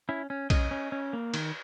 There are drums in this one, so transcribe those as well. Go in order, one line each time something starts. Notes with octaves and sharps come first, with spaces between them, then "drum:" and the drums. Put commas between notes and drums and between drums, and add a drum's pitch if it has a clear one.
C#4 E4
C#4
C#4 D#5, drum: kick B1, cymbal
C#4
C#4
A#3
D#3, drum: cymbal